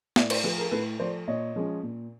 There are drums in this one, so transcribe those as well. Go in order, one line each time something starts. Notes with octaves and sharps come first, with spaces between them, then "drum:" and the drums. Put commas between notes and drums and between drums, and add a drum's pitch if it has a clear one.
A2 D5 E5, drum: snare
C5 D5, drum: cymbal
F3 A3 A4 B4
G#4 A#4
A2 A4 B4
F3 A3 C5 D5
A#2 C#5 D#5
F3 G#3 C#4
A#2